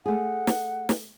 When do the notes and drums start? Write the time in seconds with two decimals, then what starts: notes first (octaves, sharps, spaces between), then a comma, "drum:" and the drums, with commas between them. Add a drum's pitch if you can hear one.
0.06 A3 G#4 F#5
0.47 drum: snare
0.89 drum: snare